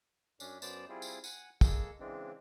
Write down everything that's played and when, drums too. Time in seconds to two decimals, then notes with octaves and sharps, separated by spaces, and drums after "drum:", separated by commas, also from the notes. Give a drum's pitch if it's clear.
0.40 F#2 C#4 D4, drum: tambourine
0.62 F#2 B3 C5 D5 A5, drum: tambourine
0.89 G3 C4 E4 F4 G#4
1.02 drum: tambourine
1.24 F#5 G#5, drum: tambourine
1.61 G#3 A#3 G#4 A4, drum: kick, tambourine
2.00 C#3 E3 G#3 C4 D4